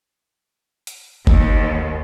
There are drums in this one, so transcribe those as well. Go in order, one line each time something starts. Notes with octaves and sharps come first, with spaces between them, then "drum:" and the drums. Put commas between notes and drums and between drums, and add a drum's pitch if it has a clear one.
drum: hi-hat
D#2, drum: kick F#1